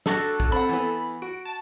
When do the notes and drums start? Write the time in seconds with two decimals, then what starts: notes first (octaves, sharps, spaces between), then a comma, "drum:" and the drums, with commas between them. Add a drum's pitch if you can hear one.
0.06 D4 F#4 A4, drum: snare
0.40 drum: kick
0.52 C4 F#5 B5
0.69 E3 B3
1.22 F#4 D7
1.45 A5